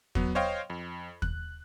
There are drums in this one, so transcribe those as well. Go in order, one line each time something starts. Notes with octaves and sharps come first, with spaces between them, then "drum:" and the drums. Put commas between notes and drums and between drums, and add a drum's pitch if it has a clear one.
F#3 B3, drum: kick
C5 C#5 D#5 F5 G5
F2
F#6, drum: kick